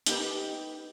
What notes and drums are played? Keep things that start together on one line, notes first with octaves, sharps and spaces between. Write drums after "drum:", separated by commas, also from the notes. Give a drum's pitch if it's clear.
D#4 G4 B4, drum: hi-hat